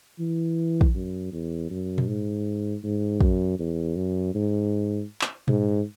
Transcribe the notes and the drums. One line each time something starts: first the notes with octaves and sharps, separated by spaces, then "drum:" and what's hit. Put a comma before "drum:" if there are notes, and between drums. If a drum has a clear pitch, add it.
E3
drum: kick
F#2
E2
F#2
drum: tom A#2
G#2
G#2
F#2, drum: kick
E2
F#2
G#2
drum: clap
G#2, drum: tom A#2